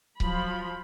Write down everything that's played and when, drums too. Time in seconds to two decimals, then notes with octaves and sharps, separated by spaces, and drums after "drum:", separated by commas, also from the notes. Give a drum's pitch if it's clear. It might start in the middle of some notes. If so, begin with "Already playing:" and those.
0.20 F3 F#3 B5, drum: kick C#1